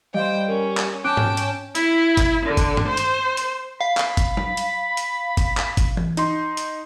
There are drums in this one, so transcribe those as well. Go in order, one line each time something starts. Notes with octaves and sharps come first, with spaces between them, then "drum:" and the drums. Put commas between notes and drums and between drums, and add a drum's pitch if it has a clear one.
G3 C5 D#5 F5 G5
C#4 A#4
drum: clap
C#4 G5 A5 D6 F#6 D7
drum: tom G#2
drum: hi-hat
E4, drum: hi-hat
drum: kick G1, hi-hat
D3
drum: kick G1, hi-hat
drum: tom
C5
drum: hi-hat
drum: hi-hat
F5 B5
drum: clap
drum: kick G1, hi-hat
drum: tom F#3
drum: hi-hat
drum: hi-hat
drum: kick G1, hi-hat
drum: clap
drum: kick G1, hi-hat
drum: tom E3
D#4 C6, drum: hi-hat
drum: hi-hat